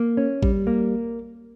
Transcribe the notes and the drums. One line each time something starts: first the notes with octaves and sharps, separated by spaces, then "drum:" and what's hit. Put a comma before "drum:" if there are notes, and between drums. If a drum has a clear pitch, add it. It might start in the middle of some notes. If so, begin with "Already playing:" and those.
Already playing: A#3
C#4
G3, drum: kick A1
A#3